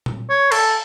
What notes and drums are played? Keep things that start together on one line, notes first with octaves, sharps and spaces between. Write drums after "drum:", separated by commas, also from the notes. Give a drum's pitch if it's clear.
drum: tom A#2
C#5
A4, drum: cymbal